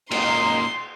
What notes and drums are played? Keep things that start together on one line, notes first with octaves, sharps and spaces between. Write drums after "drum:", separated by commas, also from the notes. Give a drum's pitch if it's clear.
G#1 C#2 F#2 A#2 D#4 C6, drum: cymbal